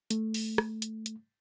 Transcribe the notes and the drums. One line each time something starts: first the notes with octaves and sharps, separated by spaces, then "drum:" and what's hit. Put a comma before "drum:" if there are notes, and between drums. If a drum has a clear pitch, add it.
A3, drum: hi-hat
drum: open hi-hat
drum: rim click
drum: hi-hat
drum: hi-hat